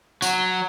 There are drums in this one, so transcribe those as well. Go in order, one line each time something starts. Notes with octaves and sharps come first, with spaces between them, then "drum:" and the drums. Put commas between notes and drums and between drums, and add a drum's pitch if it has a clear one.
F#3, drum: tambourine